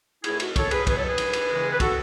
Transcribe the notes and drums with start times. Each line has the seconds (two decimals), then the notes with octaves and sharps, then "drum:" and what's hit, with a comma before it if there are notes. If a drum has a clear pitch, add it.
0.24 A2 E3 A3 E4 G#4, drum: cymbal
0.40 F#4, drum: cymbal
0.56 A4 C#5, drum: kick, cymbal
0.71 G#4 B4, drum: cymbal
0.87 E2 B2 F#3 B3 G#4 B4, drum: kick, cymbal
0.97 A4 C#5
1.07 G#4 B4
1.18 drum: cymbal
1.33 drum: cymbal
1.49 E2 C#3 E3 G#3
1.72 B4
1.80 F#4 A4, drum: kick, cymbal